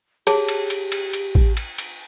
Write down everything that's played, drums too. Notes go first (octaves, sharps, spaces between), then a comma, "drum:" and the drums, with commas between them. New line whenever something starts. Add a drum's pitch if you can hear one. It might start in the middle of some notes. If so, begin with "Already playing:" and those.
G4 G#4 C#5 A5, drum: cymbal
drum: cymbal
drum: cymbal
drum: cymbal
drum: cymbal
drum: kick A1
drum: cymbal
drum: cymbal